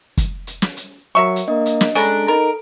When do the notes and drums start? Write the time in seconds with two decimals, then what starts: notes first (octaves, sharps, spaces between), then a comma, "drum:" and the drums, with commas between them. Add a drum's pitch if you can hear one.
0.17 drum: kick, hi-hat
0.47 drum: hi-hat
0.62 drum: snare
0.77 drum: hi-hat
1.15 F#3 A#4 E5 C#6
1.36 drum: hi-hat
1.48 A#3 D4 D#5
1.66 drum: hi-hat
1.81 drum: snare
1.95 G#3 C#4 D4 A4 A#5 D7, drum: hi-hat
2.28 D#4 A#4